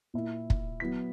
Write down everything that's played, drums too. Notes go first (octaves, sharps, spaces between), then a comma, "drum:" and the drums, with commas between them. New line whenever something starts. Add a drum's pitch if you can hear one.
A#2 A#3 E4
drum: kick
F#3 B3 E4 B6